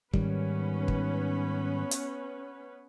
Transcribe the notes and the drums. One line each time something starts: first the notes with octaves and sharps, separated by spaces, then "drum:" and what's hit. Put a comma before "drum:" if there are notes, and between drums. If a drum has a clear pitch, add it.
G#2 D#3 G3 B3 C#4 B4, drum: kick
drum: kick
drum: hi-hat